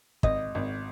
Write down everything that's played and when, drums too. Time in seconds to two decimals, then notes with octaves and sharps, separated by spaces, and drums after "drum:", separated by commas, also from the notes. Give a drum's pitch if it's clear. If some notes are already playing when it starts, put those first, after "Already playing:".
0.23 G#1 D#5, drum: kick
0.55 G#1